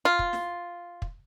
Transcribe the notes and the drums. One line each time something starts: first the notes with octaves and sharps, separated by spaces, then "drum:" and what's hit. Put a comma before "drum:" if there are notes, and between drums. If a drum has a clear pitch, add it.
F4
drum: kick
drum: snare
drum: kick